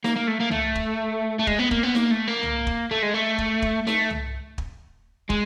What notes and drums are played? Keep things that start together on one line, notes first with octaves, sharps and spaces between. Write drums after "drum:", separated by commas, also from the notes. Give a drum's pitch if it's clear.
A#3, drum: snare D#4
A#3
A3
A#3
A3, drum: tom
drum: kick
A3
G#3, drum: kick
B3
A#3, drum: kick
B3
A#3, drum: snare D#4
A3
A#3
drum: tom
drum: kick
A3
G#3
A3
drum: kick
drum: kick
A3, drum: snare D#4
drum: tom
drum: kick
G#3, drum: kick